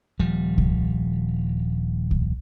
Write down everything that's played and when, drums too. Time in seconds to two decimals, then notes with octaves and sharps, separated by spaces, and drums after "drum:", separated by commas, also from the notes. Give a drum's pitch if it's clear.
0.19 D#1 F3 G3
0.58 drum: kick C2
2.11 drum: kick C2